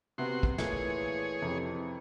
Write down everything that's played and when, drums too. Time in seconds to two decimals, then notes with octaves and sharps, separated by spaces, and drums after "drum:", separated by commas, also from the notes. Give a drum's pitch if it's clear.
0.18 C3 B3 F#4 C6
0.43 drum: kick
0.58 A#2 E3 A3 G#4 C#5, drum: snare
1.42 F2 C3